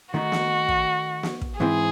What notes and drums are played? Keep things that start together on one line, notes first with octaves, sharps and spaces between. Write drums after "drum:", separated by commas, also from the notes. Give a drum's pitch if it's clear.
D#3 A3 D#4 F#4
drum: snare
drum: kick
drum: snare
drum: kick
G#2 E3 C4 E4 G#4 C5